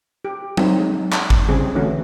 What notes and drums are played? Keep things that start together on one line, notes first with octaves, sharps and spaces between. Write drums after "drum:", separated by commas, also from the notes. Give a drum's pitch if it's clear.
G4
F#3 C4 D#4, drum: tom F#3
G#3
drum: clap
drum: kick G#1
C#3 G3 C4 G#4
D3 E3 A3 C#4 F#4